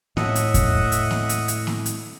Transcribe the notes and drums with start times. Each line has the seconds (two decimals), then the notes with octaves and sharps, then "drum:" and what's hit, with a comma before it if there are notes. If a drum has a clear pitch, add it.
0.17 A2 D#5 E5 F#5, drum: snare A#3
0.35 drum: hi-hat
0.54 drum: kick E2, hi-hat
0.92 drum: hi-hat
1.11 drum: snare A#3
1.29 drum: hi-hat
1.48 drum: hi-hat
1.67 drum: snare A#3
1.86 drum: hi-hat